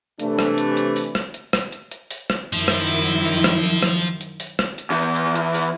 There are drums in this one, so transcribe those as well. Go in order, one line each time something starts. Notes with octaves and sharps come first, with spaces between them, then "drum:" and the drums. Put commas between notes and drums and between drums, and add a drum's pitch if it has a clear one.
C3 E3 A3 D4, drum: hi-hat
drum: rim click
drum: hi-hat
drum: hi-hat
drum: open hi-hat
drum: rim click
drum: hi-hat
drum: rim click
drum: hi-hat
drum: hi-hat
drum: open hi-hat
drum: rim click
F#2 D#3 F3 E4
drum: rim click
drum: hi-hat
drum: hi-hat
drum: open hi-hat
drum: rim click
drum: hi-hat
drum: rim click
drum: hi-hat
drum: hi-hat
drum: open hi-hat
drum: rim click
drum: hi-hat
E2 E3
drum: hi-hat
drum: hi-hat
drum: open hi-hat